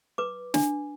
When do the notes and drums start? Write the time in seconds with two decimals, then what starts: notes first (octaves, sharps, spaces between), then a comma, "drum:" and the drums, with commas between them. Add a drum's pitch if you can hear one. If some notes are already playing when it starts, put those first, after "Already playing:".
0.18 B4 D6
0.54 D4, drum: snare